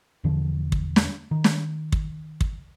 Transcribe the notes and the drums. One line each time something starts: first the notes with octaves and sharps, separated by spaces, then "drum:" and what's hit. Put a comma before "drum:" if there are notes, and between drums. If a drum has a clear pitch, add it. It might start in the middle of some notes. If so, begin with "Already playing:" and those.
E1 E2 D3 F3
drum: kick
drum: snare
D#3
drum: snare
drum: kick
drum: kick